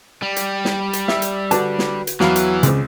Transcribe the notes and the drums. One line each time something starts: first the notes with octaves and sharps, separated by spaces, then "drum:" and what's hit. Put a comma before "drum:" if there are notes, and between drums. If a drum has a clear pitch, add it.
G3
drum: hi-hat
drum: snare
drum: hi-hat
E5, drum: snare
drum: hi-hat
D3 D4 F#4 B4 A5, drum: hi-hat
drum: snare
drum: hi-hat
E2 E3 F#3 F5 B5, drum: snare
drum: hi-hat
C#2 C#3 C4, drum: hi-hat